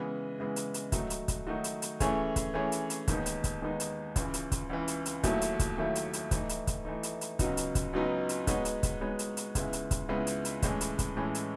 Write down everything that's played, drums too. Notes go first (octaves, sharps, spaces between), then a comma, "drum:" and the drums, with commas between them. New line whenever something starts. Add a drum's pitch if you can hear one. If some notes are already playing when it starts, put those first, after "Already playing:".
Already playing: C#3 E3 G#3 B3
C#3 E3 G#3 B3
drum: hi-hat
drum: hi-hat
D#3 F#3 A3 D#4 F#4, drum: kick, hi-hat
drum: hi-hat
drum: kick, hi-hat
D#3 F#3 A3 D#4 F#4
drum: hi-hat
drum: hi-hat
E3 A3 C#4 G#4 C#5, drum: kick, hi-hat
drum: kick, hi-hat
E3 A3 C#4 G#4 C#5
drum: hi-hat
drum: hi-hat
D#2 D#3 G#3 B3 D#4, drum: kick, hi-hat
drum: hi-hat
drum: kick, hi-hat
D#2 D#3 G#3 B3 D#4
drum: hi-hat
C#2 C#3 E3, drum: kick, hi-hat
drum: hi-hat
drum: kick, hi-hat
C#2 C#3 E3
drum: hi-hat
drum: hi-hat
D#2 D#3 F#3 A3 E4, drum: kick, hi-hat
drum: hi-hat
drum: kick, hi-hat
D#2 D#3 F#3 A3 E4
drum: hi-hat
drum: hi-hat
E3 A3 D#4, drum: kick, hi-hat
drum: hi-hat
drum: kick, hi-hat
E3 A3 D#4
drum: hi-hat
drum: hi-hat
C#2 C#3 F#3 B3 D#4, drum: kick, hi-hat
drum: hi-hat
drum: kick, hi-hat
C#2 C#3 F#3 B3 D#4
drum: hi-hat
G#3 B3 D#4 F#4 C#5, drum: kick, hi-hat
drum: hi-hat
drum: kick, hi-hat
G#3 B3 D#4 F#4 C#5
drum: hi-hat
drum: hi-hat
C#2 C#3 G#3 B3 E4, drum: kick, hi-hat
drum: hi-hat
drum: kick, hi-hat
C#2 C#3 G#3 B3 E4
drum: hi-hat
drum: hi-hat
A2 E3 G#3 C#4, drum: kick, hi-hat
drum: hi-hat
drum: kick, hi-hat
A2 E3 G#3 C#4
drum: hi-hat